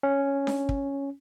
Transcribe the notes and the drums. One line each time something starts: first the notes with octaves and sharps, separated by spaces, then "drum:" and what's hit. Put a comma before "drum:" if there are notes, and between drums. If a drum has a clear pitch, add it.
C#4
drum: snare D4
drum: kick